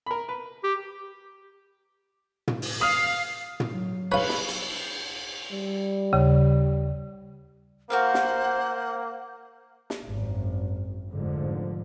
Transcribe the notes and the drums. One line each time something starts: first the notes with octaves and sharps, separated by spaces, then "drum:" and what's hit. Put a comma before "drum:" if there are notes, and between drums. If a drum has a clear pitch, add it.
A#4 B5
B4
G4
drum: tom
drum: open hi-hat
F5 D#6 F6
drum: tom
F#3
B4 C#5 F5, drum: cymbal
drum: snare
drum: hi-hat
G3
D#2 C#3
A#3 F#4 A#4 C5 F5 F#5
drum: snare
drum: snare
G#1 F#2
F1 G#2 D3 F3